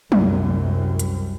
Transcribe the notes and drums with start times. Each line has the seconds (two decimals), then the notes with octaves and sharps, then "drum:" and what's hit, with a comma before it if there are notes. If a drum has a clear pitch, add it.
0.12 C2 F#2, drum: tom F#3
0.99 drum: hi-hat